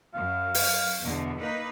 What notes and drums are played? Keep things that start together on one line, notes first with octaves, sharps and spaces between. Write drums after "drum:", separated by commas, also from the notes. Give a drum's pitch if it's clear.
F#2 F5
drum: open hi-hat
E2 B2 D3
A#3 D#4 B4